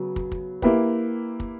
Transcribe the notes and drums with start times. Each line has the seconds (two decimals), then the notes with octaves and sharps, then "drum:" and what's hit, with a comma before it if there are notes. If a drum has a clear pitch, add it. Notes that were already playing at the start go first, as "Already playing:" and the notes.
Already playing: C#3 F#3 B3
0.16 drum: kick
0.32 drum: kick
0.62 A#3 E4 G4 B4, drum: kick
1.40 drum: kick